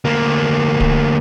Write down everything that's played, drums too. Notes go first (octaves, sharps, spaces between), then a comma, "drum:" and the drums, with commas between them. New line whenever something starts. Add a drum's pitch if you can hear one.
D2 A#3
drum: kick D1